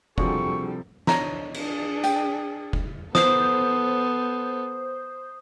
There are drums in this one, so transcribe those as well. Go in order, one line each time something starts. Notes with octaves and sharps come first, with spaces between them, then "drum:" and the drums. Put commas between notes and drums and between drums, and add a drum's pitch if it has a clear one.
C3 F3 G3 D4 F#4 G#4 A4 C#6, drum: kick F1
D4 C#5 D#5 A#5, drum: snare
D4 G#4, drum: cymbal
G5, drum: hi-hat
drum: kick F1
B3 A4 C5 D#6 G6, drum: snare